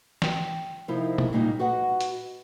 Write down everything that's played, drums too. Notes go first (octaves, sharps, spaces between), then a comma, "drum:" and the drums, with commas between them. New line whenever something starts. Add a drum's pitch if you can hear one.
G5, drum: snare
C3 F3 D#4 E4 A#4
drum: tom B2
A#2 G3 A#3 D#4 F4
F#4 B4 D#5 F#5
drum: hi-hat